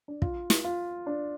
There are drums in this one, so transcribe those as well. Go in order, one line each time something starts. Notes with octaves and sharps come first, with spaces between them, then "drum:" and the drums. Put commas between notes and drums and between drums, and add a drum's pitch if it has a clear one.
D4
F4, drum: kick
drum: snare
F4
D4